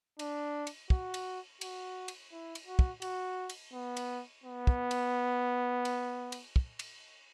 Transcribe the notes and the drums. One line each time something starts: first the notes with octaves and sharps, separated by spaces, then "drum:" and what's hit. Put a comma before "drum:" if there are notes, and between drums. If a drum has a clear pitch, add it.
D4, drum: cymbal
drum: cymbal
F#4, drum: kick
drum: cymbal
F#4, drum: cymbal
drum: cymbal
E4
drum: cymbal
F#4
drum: kick
F#4, drum: cymbal
drum: cymbal
B3
drum: cymbal
B3
drum: kick
drum: cymbal
drum: cymbal
drum: cymbal
drum: kick
drum: cymbal